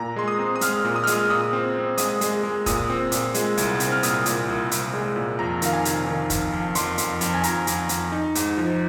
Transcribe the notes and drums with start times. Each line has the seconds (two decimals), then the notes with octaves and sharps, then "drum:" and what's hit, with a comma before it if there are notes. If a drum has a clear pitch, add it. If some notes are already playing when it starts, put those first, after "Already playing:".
Already playing: A#2 A#5
0.16 G#3 C6
0.28 D#6
0.39 C4
0.56 D#6
0.61 G#3 F6, drum: hi-hat
0.85 A#2
0.96 D#6
1.04 F6
1.07 G#3, drum: hi-hat
1.13 D#6
1.29 A#2 D#6
1.53 C4
1.76 C4
1.98 G#3 D#6, drum: hi-hat
2.21 G#3, drum: hi-hat
2.43 G#3
2.66 A#2 D#6, drum: kick, hi-hat
2.90 C4
3.12 A#2, drum: hi-hat
3.34 G#3, drum: hi-hat
3.57 C2, drum: hi-hat
3.80 C4, drum: hi-hat
3.92 F6
4.03 A#2 D#6, drum: hi-hat
4.26 A#2, drum: hi-hat
4.48 C2
4.71 C2, drum: hi-hat
4.94 G#3
5.16 A#2
5.39 F2 A#5
5.62 D#3 F5, drum: hi-hat
5.73 G#5
5.85 C3, drum: hi-hat
6.07 D#3
6.30 F2, drum: kick, hi-hat
6.52 F2
6.75 F2 C6, drum: hi-hat
6.98 F2, drum: hi-hat
7.21 F2, drum: hi-hat
7.34 G#5
7.43 F2 A#5, drum: hi-hat
7.67 F2, drum: hi-hat
7.89 F2, drum: hi-hat
8.12 D#4
8.35 G#2, drum: hi-hat
8.57 F3